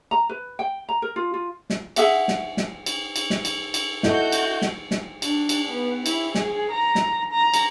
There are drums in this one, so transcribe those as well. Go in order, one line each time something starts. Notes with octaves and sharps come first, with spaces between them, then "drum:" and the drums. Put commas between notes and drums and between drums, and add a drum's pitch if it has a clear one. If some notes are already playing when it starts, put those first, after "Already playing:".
A#5
B4
G5
A#5
A#4
F4
F4
drum: snare
G#4 E5 F#5, drum: cymbal
drum: snare
drum: snare
drum: cymbal
drum: cymbal
drum: snare
drum: cymbal
drum: cymbal
E4 F#4 A4 D#5 G6, drum: snare
drum: cymbal
drum: snare
drum: snare
D4, drum: cymbal
drum: cymbal
B3
E4, drum: cymbal
G#4, drum: snare
A#5
drum: snare
A#5
drum: cymbal